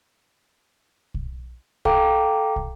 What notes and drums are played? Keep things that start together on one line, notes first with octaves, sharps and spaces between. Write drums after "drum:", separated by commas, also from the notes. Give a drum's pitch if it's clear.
drum: kick
A4 F5 G5 A#5 D6, drum: kick
drum: kick